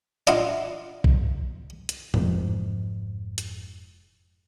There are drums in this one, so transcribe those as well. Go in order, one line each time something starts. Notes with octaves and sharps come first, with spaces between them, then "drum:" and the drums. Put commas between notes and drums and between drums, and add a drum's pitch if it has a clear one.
D4 E4 F4 D#5 F5 F#5, drum: hi-hat
drum: kick
drum: hi-hat
F1 F2 G#2, drum: tom G#2
drum: hi-hat